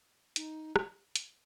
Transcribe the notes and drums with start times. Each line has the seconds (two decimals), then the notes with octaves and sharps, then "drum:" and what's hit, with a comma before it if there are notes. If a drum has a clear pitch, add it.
0.36 D#4, drum: hi-hat
0.76 drum: rim click
1.16 drum: hi-hat